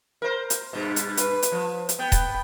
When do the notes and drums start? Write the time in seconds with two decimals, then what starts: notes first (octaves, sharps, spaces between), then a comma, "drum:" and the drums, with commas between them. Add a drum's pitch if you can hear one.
0.22 A#4 C5
0.50 drum: hi-hat
0.73 G2 B2
0.96 drum: hi-hat
1.17 B4, drum: hi-hat
1.42 drum: hi-hat
1.52 F3
1.89 drum: hi-hat
1.99 B3 G5
2.12 drum: kick D#1, hi-hat